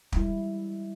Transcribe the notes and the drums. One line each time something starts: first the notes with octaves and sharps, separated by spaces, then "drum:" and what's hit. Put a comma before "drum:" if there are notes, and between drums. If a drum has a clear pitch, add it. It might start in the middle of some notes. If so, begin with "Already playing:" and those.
G3 G#3 E4, drum: kick